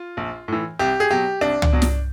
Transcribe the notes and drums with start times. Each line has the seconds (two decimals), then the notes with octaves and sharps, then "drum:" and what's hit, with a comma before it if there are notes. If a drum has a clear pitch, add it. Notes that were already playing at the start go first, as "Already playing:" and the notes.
Already playing: F4
0.17 A#1
0.48 A2 E3
0.79 C2 G4
1.00 G#4
1.11 B2 F#3 G4
1.41 C2 D4
1.62 drum: tom
1.72 B2 F#3
1.82 drum: snare